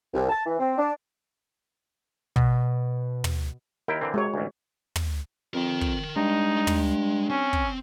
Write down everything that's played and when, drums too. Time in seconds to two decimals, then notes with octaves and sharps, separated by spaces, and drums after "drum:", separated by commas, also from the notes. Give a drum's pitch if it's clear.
0.14 C2
0.30 A5
0.46 E3
0.59 C4
0.78 D4
2.36 B2, drum: kick
3.24 drum: tom
3.88 D#2 E4 A#4 G5
4.01 D3 E3 C4 A#4
4.14 C3 G#3 F#4 C#5
4.34 A1 D2
4.96 drum: tom
5.54 F2 A#4 G5
5.81 drum: kick
6.16 G2 G#3 D#4
6.67 drum: tom
7.30 C4 C#4
7.53 drum: kick